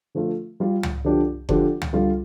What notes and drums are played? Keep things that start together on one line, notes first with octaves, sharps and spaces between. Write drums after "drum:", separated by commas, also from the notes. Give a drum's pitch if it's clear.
D3 F3 A3 F4
G3 F4
drum: tom
D3 F3 D4 G4
D3 F3 D4 G4, drum: kick F#1
drum: tom
D3 G3 F4